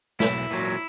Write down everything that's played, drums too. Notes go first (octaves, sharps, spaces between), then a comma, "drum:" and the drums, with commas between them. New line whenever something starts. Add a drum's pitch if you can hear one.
B1 E4, drum: snare
A#2 F#3